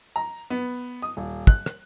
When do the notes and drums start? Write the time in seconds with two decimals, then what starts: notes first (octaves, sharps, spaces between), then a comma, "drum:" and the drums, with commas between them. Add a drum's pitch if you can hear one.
0.16 A#5
0.50 B3
1.02 D#6
1.17 D#1
1.47 F#6, drum: kick
1.66 drum: rim click